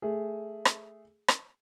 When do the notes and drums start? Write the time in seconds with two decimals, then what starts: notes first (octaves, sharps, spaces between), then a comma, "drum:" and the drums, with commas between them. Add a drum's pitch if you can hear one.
0.02 A3 G#4
0.65 drum: rim click
1.28 drum: rim click